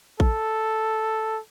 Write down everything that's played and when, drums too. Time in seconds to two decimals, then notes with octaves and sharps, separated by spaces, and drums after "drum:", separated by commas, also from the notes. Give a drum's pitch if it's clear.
0.20 A4, drum: kick